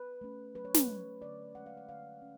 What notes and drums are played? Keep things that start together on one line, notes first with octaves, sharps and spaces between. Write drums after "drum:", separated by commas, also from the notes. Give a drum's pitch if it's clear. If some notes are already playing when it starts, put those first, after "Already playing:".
Already playing: B4
A3 C#4
F#3 B4
C#5
B4, drum: snare
A3 C#4
D3 D5
G#3 C#4 F#5
F5
F#5
D3 F5
C#4